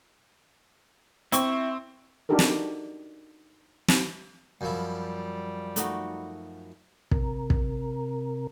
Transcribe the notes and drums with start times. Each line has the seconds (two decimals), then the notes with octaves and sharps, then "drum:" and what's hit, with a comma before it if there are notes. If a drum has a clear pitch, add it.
1.32 C4 E4 C#6, drum: hi-hat
2.29 D4 D#4 F#4 G4 A4 A#4
2.39 drum: snare
3.88 drum: snare
4.61 F#2 F3 G3 E4
5.76 A3 D#4 F#4, drum: hi-hat
7.11 C3 A#4, drum: kick
7.50 drum: kick